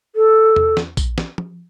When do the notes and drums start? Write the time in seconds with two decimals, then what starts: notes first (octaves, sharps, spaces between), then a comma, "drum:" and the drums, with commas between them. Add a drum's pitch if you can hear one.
0.15 A4
0.56 drum: tom E2
0.77 drum: snare
0.97 drum: kick A#1, tambourine
1.18 drum: snare
1.38 drum: tom